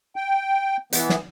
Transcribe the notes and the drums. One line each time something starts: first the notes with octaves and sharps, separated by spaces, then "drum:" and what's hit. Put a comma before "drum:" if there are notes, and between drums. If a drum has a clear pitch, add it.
G5
E3 B3, drum: hi-hat
drum: snare